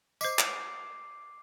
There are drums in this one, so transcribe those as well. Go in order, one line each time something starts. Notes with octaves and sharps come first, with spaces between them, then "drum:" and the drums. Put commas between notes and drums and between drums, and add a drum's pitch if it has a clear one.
C5 D#5 D6 C7, drum: tambourine
drum: clap